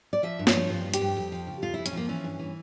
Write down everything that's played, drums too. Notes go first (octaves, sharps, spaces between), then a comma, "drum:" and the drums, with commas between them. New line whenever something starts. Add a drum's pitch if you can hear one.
D5
F3 E5
G2
C#5, drum: snare
F3
G2 F4
F3
G4, drum: hi-hat
G2
F2
F3
C#3
F2 F4
F2 E4
C#4, drum: hi-hat
F3 A#3
E3 C#4
G2
E3